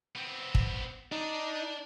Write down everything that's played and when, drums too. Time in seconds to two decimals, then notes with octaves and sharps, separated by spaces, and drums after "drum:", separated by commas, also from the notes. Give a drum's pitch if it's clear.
0.16 B3 C4
0.55 drum: kick
1.12 D4 D#4 D5